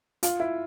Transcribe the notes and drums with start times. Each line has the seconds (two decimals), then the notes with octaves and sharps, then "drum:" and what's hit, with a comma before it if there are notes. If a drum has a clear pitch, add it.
0.23 F4, drum: hi-hat
0.40 E4